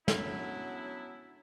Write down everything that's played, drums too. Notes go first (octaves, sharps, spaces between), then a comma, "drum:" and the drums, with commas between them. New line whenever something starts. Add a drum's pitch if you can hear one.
F#3 B3 C#4 D4 E4, drum: snare